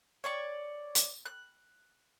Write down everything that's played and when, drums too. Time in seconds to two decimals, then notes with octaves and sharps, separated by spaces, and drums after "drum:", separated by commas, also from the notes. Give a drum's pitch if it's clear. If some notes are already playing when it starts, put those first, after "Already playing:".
0.24 C#5 D5 C#6
0.95 drum: hi-hat
1.26 F#6